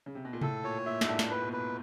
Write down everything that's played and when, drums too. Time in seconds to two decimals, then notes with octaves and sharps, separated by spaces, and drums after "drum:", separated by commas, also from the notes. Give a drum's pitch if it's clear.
0.06 C#3
0.15 C3
0.25 B2
0.33 A#2
0.41 A2 A4, drum: tom C3
0.64 A#2 C#5
0.86 A#2 E5
1.01 G#2, drum: snare
1.08 A2 D4
1.19 drum: snare
1.31 B4
1.42 B2
1.53 B4